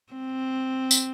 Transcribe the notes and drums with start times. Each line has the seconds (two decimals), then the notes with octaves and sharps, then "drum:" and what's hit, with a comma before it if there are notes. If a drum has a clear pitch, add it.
0.13 C4
0.91 drum: tambourine